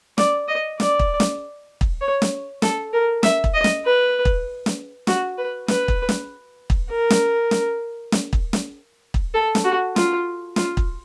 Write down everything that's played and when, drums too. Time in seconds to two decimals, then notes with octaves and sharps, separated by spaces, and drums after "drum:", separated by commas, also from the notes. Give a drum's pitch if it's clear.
0.18 D5, drum: snare
0.48 D#5
0.80 D5, drum: snare
0.99 drum: kick
1.20 drum: snare
1.81 drum: kick
2.01 C#5
2.22 drum: snare
2.62 A4, drum: snare
2.93 A#4
3.23 E5, drum: snare
3.44 drum: kick
3.54 D#5
3.64 drum: snare
3.85 B4
4.25 drum: kick
4.66 drum: snare
5.07 F#4, drum: snare
5.38 B4
5.68 B4, drum: snare
5.88 drum: kick
6.09 drum: snare
6.70 drum: kick
6.90 A#4
7.10 drum: snare
7.51 drum: snare
8.12 drum: snare
8.33 drum: kick
8.53 drum: snare
9.14 drum: kick
9.34 A4
9.55 drum: snare
9.65 F#4
9.96 F4, drum: snare
10.56 F4, drum: snare
10.77 drum: kick